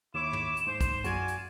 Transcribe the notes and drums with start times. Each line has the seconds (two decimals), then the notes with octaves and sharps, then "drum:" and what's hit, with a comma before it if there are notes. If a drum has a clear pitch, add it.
0.14 D#2 E4 C#5 D6 E7
0.33 drum: tom
0.57 drum: hi-hat
0.67 G#2 C5
0.81 drum: kick, hi-hat
1.04 F#2 F4 F#4 D5 G#5, drum: hi-hat
1.28 drum: hi-hat